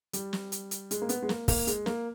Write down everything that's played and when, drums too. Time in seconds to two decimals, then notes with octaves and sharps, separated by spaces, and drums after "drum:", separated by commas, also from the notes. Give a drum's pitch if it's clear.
0.13 G3, drum: hi-hat
0.33 drum: snare
0.52 drum: hi-hat
0.71 drum: hi-hat
0.91 G#3, drum: hi-hat
1.02 A#3
1.09 B3, drum: hi-hat
1.22 G#3
1.29 A#3, drum: snare
1.48 A#3, drum: kick, open hi-hat
1.67 G#3, drum: hi-hat
1.86 A#3, drum: snare